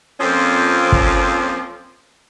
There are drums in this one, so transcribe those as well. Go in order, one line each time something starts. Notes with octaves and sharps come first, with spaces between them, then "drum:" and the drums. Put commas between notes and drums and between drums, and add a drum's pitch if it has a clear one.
F2 F3 A#3 C4 C#4 C5
drum: kick